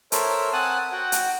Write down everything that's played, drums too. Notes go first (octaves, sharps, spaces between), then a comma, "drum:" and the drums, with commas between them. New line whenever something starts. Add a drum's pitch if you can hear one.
A4 A#4 C5 C#5 E5, drum: hi-hat
C4 F#5 G#5 A5 D#6 F#6
F#4 F#5 G5
drum: hi-hat